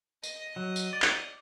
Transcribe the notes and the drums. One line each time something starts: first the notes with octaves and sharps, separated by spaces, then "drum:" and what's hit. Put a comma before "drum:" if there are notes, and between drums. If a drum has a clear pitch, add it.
D#5, drum: tambourine
F#3
drum: tambourine
D5
drum: clap